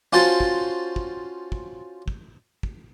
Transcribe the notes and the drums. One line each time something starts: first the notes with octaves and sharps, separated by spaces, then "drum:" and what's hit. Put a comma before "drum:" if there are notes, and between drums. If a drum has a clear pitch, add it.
C#4 F4 F#4 C5 A5
drum: kick
drum: kick
drum: kick
drum: kick
drum: kick